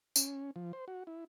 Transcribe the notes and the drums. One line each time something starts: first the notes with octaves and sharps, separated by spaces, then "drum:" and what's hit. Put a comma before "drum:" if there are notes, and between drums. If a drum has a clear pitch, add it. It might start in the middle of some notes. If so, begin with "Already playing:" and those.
C#4, drum: tambourine
F3
C5
F#4
E4